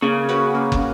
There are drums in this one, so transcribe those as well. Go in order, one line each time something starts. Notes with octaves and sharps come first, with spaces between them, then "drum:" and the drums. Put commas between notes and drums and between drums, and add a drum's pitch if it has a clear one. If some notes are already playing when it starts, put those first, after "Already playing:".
C#3 A#3
C#4 F#4 B4
A#3
drum: kick